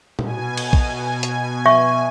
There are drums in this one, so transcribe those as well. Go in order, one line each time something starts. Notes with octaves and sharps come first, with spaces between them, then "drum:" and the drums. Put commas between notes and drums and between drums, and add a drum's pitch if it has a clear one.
B2 G#5, drum: tom A#2
drum: cymbal
drum: kick A#1
drum: hi-hat
E5 C#6